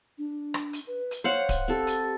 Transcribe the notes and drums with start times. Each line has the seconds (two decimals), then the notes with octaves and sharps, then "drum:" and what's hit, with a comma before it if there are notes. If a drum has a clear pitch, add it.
0.18 D4
0.54 drum: rim click
0.73 drum: hi-hat
0.87 B4
1.11 drum: hi-hat
1.24 C5 C#5 F5 F#5
1.49 drum: kick D1, hi-hat
1.68 C4 G4 A4
1.87 drum: hi-hat